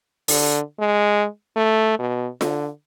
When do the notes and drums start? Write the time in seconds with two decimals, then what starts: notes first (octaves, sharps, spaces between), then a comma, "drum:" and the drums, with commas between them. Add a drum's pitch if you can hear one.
0.28 D3, drum: open hi-hat
0.80 G#3
1.56 A3
1.99 B2
2.41 D3, drum: snare F4